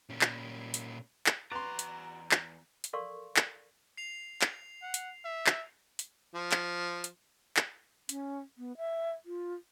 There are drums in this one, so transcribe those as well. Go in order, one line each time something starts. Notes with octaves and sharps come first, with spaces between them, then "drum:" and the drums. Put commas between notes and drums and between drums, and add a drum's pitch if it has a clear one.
A#2 C#4
drum: clap
drum: hi-hat
drum: clap
E2 F#4 B4 D5 A#5 C6
drum: hi-hat
drum: clap
drum: hi-hat
A4 A#4 D5 F5 C6 C#6
drum: clap
C7 F7
drum: clap
F#5
drum: hi-hat
E5
drum: clap
drum: hi-hat
F3
drum: clap
drum: hi-hat
drum: clap
C#4, drum: hi-hat
B3
E5
F4